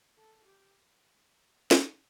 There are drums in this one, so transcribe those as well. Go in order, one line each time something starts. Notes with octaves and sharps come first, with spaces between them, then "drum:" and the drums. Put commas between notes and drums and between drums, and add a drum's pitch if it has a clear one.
A4
G4
drum: snare